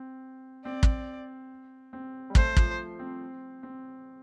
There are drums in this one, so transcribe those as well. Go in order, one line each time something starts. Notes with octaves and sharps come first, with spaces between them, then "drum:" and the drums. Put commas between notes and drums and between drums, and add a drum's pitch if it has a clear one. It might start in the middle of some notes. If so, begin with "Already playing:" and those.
Already playing: C4
C4 D5
drum: kick
C4
G3
A3 C5, drum: kick
F3, drum: kick
C4
C4